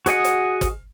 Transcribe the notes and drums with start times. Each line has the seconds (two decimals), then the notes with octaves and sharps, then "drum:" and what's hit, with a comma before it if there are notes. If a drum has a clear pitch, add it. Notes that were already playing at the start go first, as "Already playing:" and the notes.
0.06 F#4 G#4 D#5 F#5, drum: hi-hat
0.24 drum: hi-hat
0.61 drum: kick, hi-hat